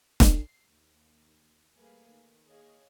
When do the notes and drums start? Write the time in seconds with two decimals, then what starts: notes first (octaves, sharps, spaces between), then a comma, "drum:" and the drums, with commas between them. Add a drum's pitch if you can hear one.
0.20 C7, drum: snare E1
0.70 D#2
1.76 G3 A3 A#3 G#4 B4 F5
2.11 D#3
2.47 A#3 G#4 C#5 D#5 F5